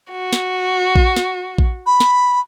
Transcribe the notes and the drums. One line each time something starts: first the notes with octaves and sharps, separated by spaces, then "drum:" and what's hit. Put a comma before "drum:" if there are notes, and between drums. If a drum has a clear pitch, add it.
F#4
drum: snare
drum: kick A#1
drum: snare
drum: kick A#1
B5
drum: snare